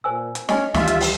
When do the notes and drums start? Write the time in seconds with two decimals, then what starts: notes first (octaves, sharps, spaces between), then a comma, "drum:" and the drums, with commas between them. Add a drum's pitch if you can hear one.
0.04 A#2 C5 G#5 E6
0.35 drum: hi-hat
0.49 C#4 D#5 G#5, drum: snare
0.74 D2 D#3 E3 G3 F4 E5, drum: snare
0.87 drum: hi-hat
1.01 drum: open hi-hat